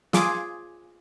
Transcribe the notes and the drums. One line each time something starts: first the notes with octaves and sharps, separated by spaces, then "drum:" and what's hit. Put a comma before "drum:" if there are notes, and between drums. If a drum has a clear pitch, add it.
F4 G#4 D6, drum: snare